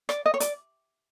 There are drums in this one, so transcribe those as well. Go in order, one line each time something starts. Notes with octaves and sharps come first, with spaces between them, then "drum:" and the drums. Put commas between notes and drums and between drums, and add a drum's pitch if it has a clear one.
D5, drum: rim click
D#5
C#5
D5, drum: hi-hat